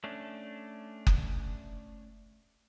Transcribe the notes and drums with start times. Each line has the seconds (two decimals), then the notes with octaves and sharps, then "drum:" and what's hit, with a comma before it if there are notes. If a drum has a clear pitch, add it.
0.04 A3 C#4 D4
1.07 drum: kick F#1